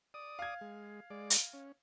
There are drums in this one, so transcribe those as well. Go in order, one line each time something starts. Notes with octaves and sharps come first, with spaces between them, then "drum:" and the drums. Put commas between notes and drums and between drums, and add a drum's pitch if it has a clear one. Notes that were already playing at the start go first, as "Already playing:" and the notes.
D5 D#6
F5 G#6
G#3
G#3 D5
drum: hi-hat
C#4